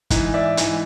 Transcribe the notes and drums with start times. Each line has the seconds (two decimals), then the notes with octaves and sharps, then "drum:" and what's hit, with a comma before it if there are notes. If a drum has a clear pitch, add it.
0.10 G#2 E3, drum: kick, hi-hat
0.34 D5 E5
0.57 G#2 E3, drum: hi-hat